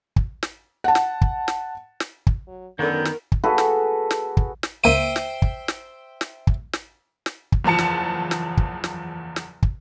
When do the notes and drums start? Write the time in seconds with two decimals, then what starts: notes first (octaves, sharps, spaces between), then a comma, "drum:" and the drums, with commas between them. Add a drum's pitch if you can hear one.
0.16 drum: kick
0.43 drum: snare
0.84 F#5 A5
0.95 drum: snare
1.21 drum: kick
1.48 drum: snare
2.00 drum: snare
2.27 drum: kick
2.47 F#3
2.79 F#2 D3 D#3 B3 A#4 G6
3.05 drum: snare
3.32 drum: kick
3.44 F#4 G#4 A4 B4
3.58 drum: snare
4.11 drum: snare
4.37 drum: kick
4.63 drum: snare
4.84 C#2 A#3 C5 E5 G5 D#7
5.16 drum: snare
5.42 drum: kick
5.68 drum: snare
6.21 drum: snare
6.47 drum: kick
6.73 drum: snare
7.26 drum: snare
7.52 drum: kick
7.64 F#1 E2 F3 A5 C#7
7.79 drum: snare
8.31 drum: snare
8.57 drum: kick
8.84 drum: snare
9.36 drum: snare
9.63 drum: kick